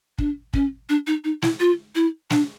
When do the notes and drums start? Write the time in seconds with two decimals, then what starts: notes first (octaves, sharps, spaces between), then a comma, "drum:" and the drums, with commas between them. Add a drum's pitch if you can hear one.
0.18 D4, drum: kick
0.54 C#4, drum: kick
0.89 D4
1.07 D#4
1.24 D#4
1.42 E4, drum: snare
1.60 F4
1.95 E4
2.30 D4, drum: snare